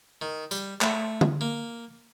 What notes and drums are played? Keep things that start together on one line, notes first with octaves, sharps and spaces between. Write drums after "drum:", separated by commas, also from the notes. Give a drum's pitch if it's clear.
D#3
G3, drum: tambourine
A3, drum: clap
drum: tom D3
A#3